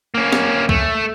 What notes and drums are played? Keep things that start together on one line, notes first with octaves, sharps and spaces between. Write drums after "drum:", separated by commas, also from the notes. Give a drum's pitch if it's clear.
A#3 C#4
drum: snare
A3, drum: kick